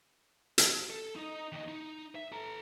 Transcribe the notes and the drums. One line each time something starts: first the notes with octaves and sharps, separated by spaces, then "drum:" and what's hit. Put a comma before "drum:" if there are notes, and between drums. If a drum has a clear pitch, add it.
drum: hi-hat
A4
D#4 D#5
D#2 D#5
D#4
E5
A4 A#5